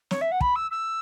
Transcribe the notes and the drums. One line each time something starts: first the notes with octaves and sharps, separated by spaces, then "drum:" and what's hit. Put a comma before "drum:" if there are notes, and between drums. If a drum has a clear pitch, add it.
C#5, drum: snare
E5
F#5
B5, drum: kick
E6
E6